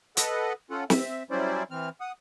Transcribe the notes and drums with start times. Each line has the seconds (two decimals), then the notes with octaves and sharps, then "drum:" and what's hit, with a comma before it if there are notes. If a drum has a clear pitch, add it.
0.17 A4 B4 D#5 F#5, drum: hi-hat
0.71 C#4 F4 A4 F#5
0.90 C4 E5, drum: snare
1.31 F#3 G3 C#4 E4 C5 D5
1.71 E3 C4 F6
2.01 F#5 D#6